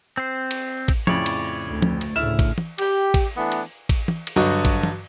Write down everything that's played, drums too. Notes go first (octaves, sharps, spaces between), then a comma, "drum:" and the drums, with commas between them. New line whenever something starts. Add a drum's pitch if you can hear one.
C4 C5
drum: cymbal
drum: kick A1, cymbal
F2 A2 C#3 C#5 D5, drum: tom F3
drum: cymbal
D2
drum: tom F3
drum: cymbal
D2 A2 C#3 E4 F6 E7
drum: kick A1, cymbal
drum: tom
G4, drum: cymbal
drum: kick A1, cymbal
E3 A3 B3 D4
drum: cymbal
drum: kick A1, cymbal
drum: tom
drum: cymbal
G2 D3 F#3 F#4 D#5 D#6
drum: kick A1, cymbal
drum: tom